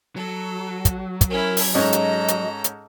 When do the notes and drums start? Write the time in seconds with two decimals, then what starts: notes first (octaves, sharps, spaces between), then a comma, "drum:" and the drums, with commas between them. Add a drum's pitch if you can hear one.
0.16 F#3 A4
0.85 drum: kick, hi-hat
1.21 drum: kick, hi-hat
1.30 C#4 E4 A#4
1.57 drum: open hi-hat
1.75 G#2 C#4 A4 D#5 A#5
1.93 drum: hi-hat
2.28 drum: hi-hat
2.64 drum: hi-hat